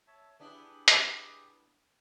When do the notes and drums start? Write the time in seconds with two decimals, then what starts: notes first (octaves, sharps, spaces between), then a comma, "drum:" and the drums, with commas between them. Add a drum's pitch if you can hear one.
0.07 C#5 E5 A5
0.40 B3 D4 E4 G4 G#4
0.88 drum: hi-hat